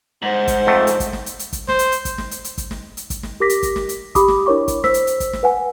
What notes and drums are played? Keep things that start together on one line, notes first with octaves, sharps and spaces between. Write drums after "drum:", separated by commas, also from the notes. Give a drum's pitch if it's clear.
G#2 C5 F#5
drum: kick G1, hi-hat
F2 A3
drum: hi-hat
drum: kick G1, hi-hat
drum: snare
drum: hi-hat
drum: hi-hat
drum: kick G1, hi-hat
C5, drum: snare
drum: hi-hat
drum: hi-hat
drum: kick G1, hi-hat
drum: snare
drum: hi-hat
drum: hi-hat
drum: kick G1, hi-hat
drum: snare
drum: hi-hat
drum: kick G1, hi-hat
drum: snare
G4 A#4 D6 A#6 B6
drum: hi-hat
drum: kick G1, hi-hat
drum: snare
drum: hi-hat
G4 B5 D6 D#6, drum: kick G1, hi-hat
drum: snare
D4 E4 A#4 C#5 C#6 D6
drum: kick G1, hi-hat
C5 E6 B6, drum: snare
drum: hi-hat
drum: hi-hat
drum: kick G1, hi-hat
drum: snare
B4 F#5 G#5